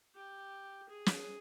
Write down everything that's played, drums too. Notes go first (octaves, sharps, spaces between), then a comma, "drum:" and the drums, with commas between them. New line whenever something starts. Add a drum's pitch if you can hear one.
G4
G#4
drum: snare